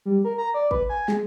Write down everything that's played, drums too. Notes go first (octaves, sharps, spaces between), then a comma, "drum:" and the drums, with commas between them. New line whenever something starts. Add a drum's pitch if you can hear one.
G3
A#4
A#5
D5
B4, drum: kick
G#5
G#3, drum: snare